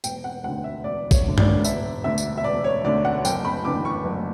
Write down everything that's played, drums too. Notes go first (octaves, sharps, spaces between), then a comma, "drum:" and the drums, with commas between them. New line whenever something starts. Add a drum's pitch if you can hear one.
E1 G5, drum: tambourine
F#5
D2 D3 F#5
E5
E1 D5
C#5, drum: kick A1, tambourine
D2 D3
D5, drum: tom
E1 E5, drum: tambourine
D2 D3 E5
drum: tambourine
E5
E1 D5
C#5
D2 D3 D5
F#5
F#1 G5, drum: tambourine
B5
E2 D3 D6
C#6
F#1